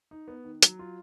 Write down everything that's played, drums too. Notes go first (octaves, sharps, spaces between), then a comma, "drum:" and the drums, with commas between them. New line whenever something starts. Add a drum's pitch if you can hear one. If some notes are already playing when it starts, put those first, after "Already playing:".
D#4
B3
D#3
F#3, drum: hi-hat
F4